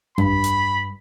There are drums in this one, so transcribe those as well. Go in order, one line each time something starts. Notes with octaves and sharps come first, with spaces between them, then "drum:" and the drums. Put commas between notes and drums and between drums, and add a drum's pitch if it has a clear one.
G2 B5, drum: tom F2
drum: hi-hat